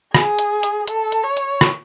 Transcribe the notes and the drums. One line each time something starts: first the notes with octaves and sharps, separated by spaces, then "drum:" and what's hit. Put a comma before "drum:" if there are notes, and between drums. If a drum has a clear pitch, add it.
G#4, drum: rim click
drum: hi-hat
drum: hi-hat
A4, drum: hi-hat
drum: hi-hat
C#5
drum: hi-hat
drum: rim click